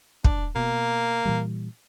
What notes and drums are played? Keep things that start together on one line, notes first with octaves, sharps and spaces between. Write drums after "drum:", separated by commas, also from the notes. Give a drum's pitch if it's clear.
D4, drum: kick
B2 A#3
A#2 E3 G3